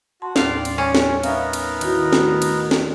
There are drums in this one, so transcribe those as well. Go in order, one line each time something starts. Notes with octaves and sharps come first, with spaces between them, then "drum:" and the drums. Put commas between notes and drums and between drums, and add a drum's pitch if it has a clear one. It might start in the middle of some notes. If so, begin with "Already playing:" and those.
F#4 A5 C6
D#2 A2 G3 F4 D5 F5, drum: snare
drum: cymbal
C#4
drum: snare
B3 D#4 A#4 E5 F5, drum: cymbal
drum: cymbal
D#3 E4 F#4, drum: cymbal
D#3 A3 F#4, drum: snare
drum: cymbal
drum: snare